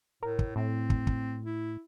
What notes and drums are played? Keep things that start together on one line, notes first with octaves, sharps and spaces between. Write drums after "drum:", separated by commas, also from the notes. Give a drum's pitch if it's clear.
A2 A#4
drum: kick
A2 C4
drum: kick
drum: kick
E4